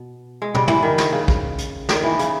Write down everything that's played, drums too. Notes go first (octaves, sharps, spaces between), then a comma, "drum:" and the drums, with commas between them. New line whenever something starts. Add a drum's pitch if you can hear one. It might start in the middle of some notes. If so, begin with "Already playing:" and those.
Already playing: B2
G#3
G3, drum: tom
E3, drum: tom
D#3
drum: snare
C#3
drum: kick
drum: hi-hat
D#3, drum: snare
E3
C#3, drum: hi-hat